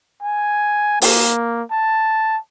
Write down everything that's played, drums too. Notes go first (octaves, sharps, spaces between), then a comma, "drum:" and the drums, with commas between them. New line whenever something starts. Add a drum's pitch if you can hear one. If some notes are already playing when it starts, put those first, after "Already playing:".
G#5
A#3, drum: open hi-hat
A5